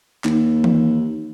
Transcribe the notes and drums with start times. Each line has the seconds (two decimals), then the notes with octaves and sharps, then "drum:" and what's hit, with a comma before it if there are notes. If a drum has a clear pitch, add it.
0.24 D#2, drum: clap
0.64 drum: tom E3